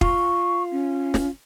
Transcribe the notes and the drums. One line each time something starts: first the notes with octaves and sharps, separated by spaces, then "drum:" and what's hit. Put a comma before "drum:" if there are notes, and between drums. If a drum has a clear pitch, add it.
F4 C#6, drum: kick
C#4
drum: snare